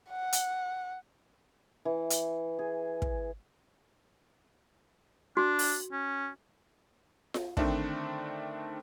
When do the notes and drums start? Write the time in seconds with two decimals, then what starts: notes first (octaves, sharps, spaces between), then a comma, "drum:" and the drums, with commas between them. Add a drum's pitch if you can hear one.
0.10 F#5
0.33 drum: hi-hat
1.85 E3
2.10 drum: hi-hat
2.59 G#4
3.02 drum: kick
5.37 D4 F#4
5.59 drum: open hi-hat
5.92 C#4
7.34 drum: snare F4
7.57 D3 D#3 A3 C4 D4, drum: kick